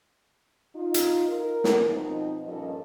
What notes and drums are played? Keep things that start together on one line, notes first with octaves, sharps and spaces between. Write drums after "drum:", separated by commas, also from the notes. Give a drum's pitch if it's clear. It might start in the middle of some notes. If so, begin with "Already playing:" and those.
D#4 F4
drum: hi-hat
A#4
drum: snare
B2 F3 C4 D#4
G2 A#2 F3 C#4 A4 D#5